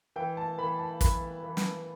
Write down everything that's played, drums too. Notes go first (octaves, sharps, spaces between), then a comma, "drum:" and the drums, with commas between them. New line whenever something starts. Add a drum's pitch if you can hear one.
E3 G5
A5
E3 B5
A5
E3 B5, drum: kick, hi-hat
E3
drum: snare